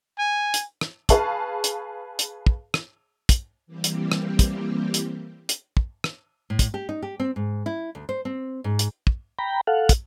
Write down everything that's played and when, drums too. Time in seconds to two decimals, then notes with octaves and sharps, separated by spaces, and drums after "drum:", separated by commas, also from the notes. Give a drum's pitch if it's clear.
0.18 G#5
0.54 drum: hi-hat
0.81 drum: rim click
1.09 G#4 B4 F5 A5 C#6, drum: kick, hi-hat
1.64 drum: hi-hat
2.19 drum: hi-hat
2.46 drum: kick
2.74 drum: rim click
3.29 drum: kick, hi-hat
3.66 E3 G3 A#3 C4 G4
3.84 drum: hi-hat
4.12 drum: rim click
4.39 drum: kick, hi-hat
4.94 drum: hi-hat
5.49 drum: hi-hat
5.77 drum: kick
6.04 drum: rim click
6.50 A2
6.59 drum: kick, hi-hat
6.74 G4
6.89 D#4
7.03 G4
7.20 C4
7.36 G#2
7.66 E4
7.95 D2
8.09 C5
8.25 C4
8.64 G#2
8.79 drum: hi-hat
9.07 drum: kick
9.39 G5 A#5 B5
9.67 A4 F5 F#5
9.89 drum: kick, hi-hat